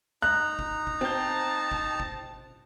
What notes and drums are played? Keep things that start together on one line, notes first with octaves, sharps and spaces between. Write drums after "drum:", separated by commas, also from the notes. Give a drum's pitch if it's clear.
D#4 A#5 F#6
drum: kick
drum: kick
C4 A5 G6
drum: kick
drum: kick